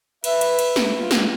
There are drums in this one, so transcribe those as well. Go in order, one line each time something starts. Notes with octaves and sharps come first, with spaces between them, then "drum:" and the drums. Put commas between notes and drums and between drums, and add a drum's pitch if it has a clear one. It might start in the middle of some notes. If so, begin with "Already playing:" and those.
B4 E5, drum: cymbal
drum: cymbal
drum: cymbal
drum: snare
F4
drum: snare